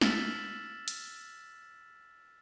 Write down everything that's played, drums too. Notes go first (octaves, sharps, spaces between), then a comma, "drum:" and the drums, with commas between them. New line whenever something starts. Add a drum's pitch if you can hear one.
E6 F6 A6 B6 E7 F#7, drum: snare
drum: hi-hat